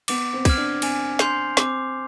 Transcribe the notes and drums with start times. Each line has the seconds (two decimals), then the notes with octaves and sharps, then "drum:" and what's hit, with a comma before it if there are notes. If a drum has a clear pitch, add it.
0.08 B3 D6, drum: cymbal
0.33 C4
0.45 F6 G#6, drum: kick, cymbal
0.57 D4
0.82 C4 G#5, drum: cymbal
1.19 C6 G6 C7 F7, drum: snare
1.57 C4 D6, drum: snare